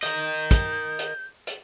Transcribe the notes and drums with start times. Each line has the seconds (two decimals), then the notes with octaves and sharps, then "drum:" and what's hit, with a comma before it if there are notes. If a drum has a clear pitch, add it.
0.03 A#4 D#5 G6, drum: hi-hat
0.51 drum: kick, hi-hat
0.99 drum: hi-hat
1.47 drum: hi-hat